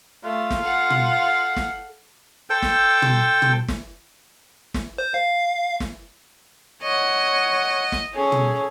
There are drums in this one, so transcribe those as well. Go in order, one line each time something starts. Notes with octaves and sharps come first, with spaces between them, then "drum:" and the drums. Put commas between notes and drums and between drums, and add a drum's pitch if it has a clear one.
A3 F4
drum: snare
A4 F5 F#5
drum: tom
drum: snare
A4 C5 G5 E6
drum: snare
drum: tom
drum: tom
drum: snare
drum: snare
C5
F5
drum: snare
C#5 D#5 F#5
drum: snare
C#4 G#4 A4
drum: tom